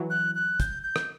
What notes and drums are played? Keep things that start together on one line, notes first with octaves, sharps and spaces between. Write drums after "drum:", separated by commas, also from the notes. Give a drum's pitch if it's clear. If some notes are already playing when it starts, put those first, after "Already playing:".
Already playing: E3 F#3
F#6
F#6
G6, drum: kick, hi-hat
G6
drum: rim click